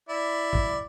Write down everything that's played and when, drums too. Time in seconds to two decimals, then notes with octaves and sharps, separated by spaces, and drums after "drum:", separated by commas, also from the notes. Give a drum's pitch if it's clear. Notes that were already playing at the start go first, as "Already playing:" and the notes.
0.09 E4 D5
0.53 drum: kick